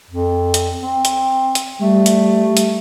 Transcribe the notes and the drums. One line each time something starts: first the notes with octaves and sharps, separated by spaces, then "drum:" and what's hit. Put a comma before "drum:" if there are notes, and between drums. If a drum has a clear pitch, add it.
F2
drum: hi-hat
C4
drum: hi-hat
drum: hi-hat
G3 A3
drum: hi-hat
drum: hi-hat